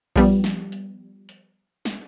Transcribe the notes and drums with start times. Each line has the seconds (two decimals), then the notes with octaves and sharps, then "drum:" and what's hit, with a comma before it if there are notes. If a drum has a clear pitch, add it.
0.16 F3 G3 B3, drum: kick A#1, open hi-hat
0.44 drum: snare
0.72 drum: hi-hat
1.29 drum: hi-hat
1.85 drum: snare